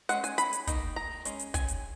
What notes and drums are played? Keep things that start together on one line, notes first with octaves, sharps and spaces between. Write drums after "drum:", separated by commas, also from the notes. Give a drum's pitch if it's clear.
G#3 C#4 F#5, drum: hi-hat
G#5, drum: hi-hat
B5, drum: hi-hat
drum: hi-hat
D#3 A#3 D#4, drum: kick, hi-hat
A#5
G#3 C#4, drum: hi-hat
drum: hi-hat
G#5, drum: kick, hi-hat
drum: hi-hat